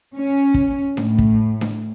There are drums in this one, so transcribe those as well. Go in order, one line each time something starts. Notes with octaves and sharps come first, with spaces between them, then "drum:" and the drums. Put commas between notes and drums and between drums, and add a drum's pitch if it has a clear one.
C#4
drum: kick
A2, drum: snare D4
drum: kick
drum: snare D4